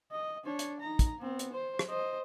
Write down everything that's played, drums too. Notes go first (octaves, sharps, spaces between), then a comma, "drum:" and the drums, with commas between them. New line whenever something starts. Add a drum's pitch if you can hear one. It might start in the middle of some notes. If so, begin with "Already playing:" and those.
D#5
D4 C#5
drum: hi-hat
D#4 A#5
drum: kick, hi-hat
B3 C4
drum: hi-hat
C5
drum: rim click
C5 D#5